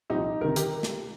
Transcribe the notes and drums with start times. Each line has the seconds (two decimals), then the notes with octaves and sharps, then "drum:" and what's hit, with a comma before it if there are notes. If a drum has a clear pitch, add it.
0.10 C2 A#2 F3 D#4 G4
0.41 C2 C3 D#3 A#4
0.56 G4 A#4, drum: hi-hat
0.83 drum: snare